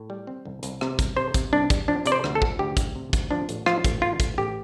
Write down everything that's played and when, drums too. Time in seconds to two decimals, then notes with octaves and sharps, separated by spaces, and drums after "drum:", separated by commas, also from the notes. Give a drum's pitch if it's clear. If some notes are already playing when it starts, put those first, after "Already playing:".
Already playing: A2
0.10 G3
0.27 C4
0.45 C2
0.63 C2, drum: hi-hat
0.81 C3, drum: rim click
0.99 C2, drum: kick, hi-hat
1.16 C3 C5
1.34 C3, drum: kick, hi-hat
1.53 C2 D4
1.70 G3, drum: kick, hi-hat
1.88 F3 D4
2.06 C3 D5, drum: hi-hat
2.12 C5
2.24 D2, drum: rim click
2.35 A4
2.42 F3, drum: kick
2.59 D2 G4
2.77 D2, drum: kick, hi-hat
2.95 C3
3.13 D2, drum: kick, hi-hat
3.31 F3 D4
3.49 A1, drum: hi-hat
3.66 F3 F4, drum: rim click
3.85 A1, drum: kick, hi-hat
4.02 A1 F4
4.20 A1, drum: kick, hi-hat
4.38 A1 G4